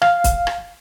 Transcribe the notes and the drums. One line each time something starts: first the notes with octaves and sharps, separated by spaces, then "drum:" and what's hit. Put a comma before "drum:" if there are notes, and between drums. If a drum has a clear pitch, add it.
F5, drum: rim click
drum: kick, hi-hat
drum: rim click